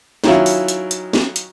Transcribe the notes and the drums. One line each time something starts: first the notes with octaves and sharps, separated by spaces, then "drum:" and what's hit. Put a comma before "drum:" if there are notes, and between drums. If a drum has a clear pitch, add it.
D#3 F#3 C#4 E4 F4, drum: snare
drum: open hi-hat
drum: hi-hat
drum: hi-hat
drum: snare
drum: hi-hat